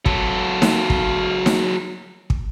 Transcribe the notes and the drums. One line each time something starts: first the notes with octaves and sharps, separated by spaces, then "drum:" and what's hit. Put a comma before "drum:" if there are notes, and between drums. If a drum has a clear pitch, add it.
F#3 A4, drum: kick
drum: snare D#4
drum: kick
drum: snare D#4
drum: kick